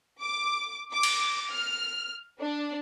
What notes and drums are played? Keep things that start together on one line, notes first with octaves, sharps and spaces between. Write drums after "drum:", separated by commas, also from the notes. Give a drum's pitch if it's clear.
D6
D6
drum: cymbal
F6
D4